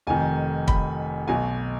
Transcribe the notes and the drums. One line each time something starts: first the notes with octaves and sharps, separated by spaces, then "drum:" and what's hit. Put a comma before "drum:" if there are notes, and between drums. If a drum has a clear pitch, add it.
F1 F2 D#3 G#5
B5, drum: kick
B1 B2 G#5